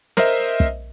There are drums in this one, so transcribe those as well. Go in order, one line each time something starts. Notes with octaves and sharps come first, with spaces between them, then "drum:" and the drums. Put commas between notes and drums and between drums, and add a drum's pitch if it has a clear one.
A#4 C5 D#5 E5, drum: snare
drum: kick